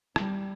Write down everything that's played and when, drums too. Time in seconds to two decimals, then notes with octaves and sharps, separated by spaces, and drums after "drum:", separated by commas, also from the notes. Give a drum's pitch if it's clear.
0.16 G3, drum: rim click